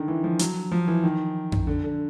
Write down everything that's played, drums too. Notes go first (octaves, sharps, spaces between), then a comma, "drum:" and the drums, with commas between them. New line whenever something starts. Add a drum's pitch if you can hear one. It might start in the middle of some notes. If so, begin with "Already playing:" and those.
Already playing: D3 D#3
E3
F3
F#3, drum: hi-hat
F3
E3
D#3
drum: tom F2
D3
D3